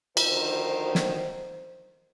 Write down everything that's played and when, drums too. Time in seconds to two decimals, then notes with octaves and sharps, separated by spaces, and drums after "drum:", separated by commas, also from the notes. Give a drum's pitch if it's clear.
0.17 D2 D#3 F3 C5, drum: cymbal
0.95 drum: snare